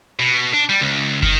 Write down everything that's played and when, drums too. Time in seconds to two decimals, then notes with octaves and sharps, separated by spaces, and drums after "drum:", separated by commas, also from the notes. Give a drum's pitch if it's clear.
0.20 B2
0.53 D4
0.69 G3
0.81 C#2
1.22 D#3, drum: kick